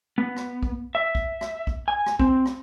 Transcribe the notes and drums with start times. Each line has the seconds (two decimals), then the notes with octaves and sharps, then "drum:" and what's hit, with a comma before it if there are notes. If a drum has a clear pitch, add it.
0.18 B3
0.36 drum: rim click
0.63 drum: kick B1
0.95 E5
1.15 drum: kick B1
1.41 drum: rim click
1.67 drum: kick B1
1.88 G#5
2.06 drum: rim click
2.19 C4, drum: kick B1
2.46 drum: rim click